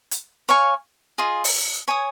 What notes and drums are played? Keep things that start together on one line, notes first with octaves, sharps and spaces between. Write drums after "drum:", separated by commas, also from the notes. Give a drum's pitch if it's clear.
drum: hi-hat
C#5 F5 G#5 C#6
F4 G#4 D#5
drum: open hi-hat
C#5 G#5 D#6